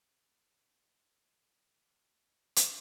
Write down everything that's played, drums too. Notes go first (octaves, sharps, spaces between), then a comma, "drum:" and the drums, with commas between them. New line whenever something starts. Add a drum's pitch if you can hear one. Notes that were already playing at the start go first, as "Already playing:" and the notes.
E2 F#4 C5 E6
drum: hi-hat